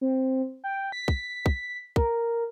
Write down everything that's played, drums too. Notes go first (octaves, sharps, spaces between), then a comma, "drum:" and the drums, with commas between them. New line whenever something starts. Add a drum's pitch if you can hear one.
C4
G5
B6
drum: kick
drum: kick
A#4, drum: kick